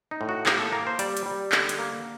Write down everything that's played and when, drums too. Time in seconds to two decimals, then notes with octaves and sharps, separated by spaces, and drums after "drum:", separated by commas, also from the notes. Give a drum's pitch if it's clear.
0.11 D#4
0.21 A2
0.29 F#4
0.46 A#3 G4, drum: clap
0.59 A4
0.72 A#3 A#4
0.87 C5
0.99 G3 D5, drum: hi-hat
1.17 drum: hi-hat
1.26 G3
1.52 D3, drum: clap
1.69 drum: hi-hat
1.79 A#3